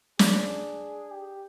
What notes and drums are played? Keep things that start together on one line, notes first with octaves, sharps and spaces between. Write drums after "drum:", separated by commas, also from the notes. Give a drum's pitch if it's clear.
D4 G#4, drum: snare
G4